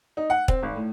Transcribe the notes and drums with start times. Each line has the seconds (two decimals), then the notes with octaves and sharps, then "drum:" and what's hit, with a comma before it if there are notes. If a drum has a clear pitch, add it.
0.17 D#4
0.30 F#5
0.48 C4, drum: kick
0.63 G#1
0.76 A2